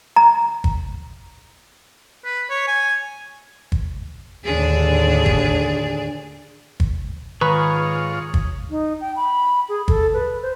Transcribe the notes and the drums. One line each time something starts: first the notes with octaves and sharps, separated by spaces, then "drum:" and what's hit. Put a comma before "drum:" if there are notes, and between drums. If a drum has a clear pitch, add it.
A#5
drum: kick
B4
C#5
G#5
drum: kick
D#2 A2 D3 D4 G#4
drum: kick
drum: kick
G#2 D#3 F4 G#4 B4 C#5 A#5 C#6
drum: kick
D#4
G5
B5
G#4
A4, drum: kick
B4
C5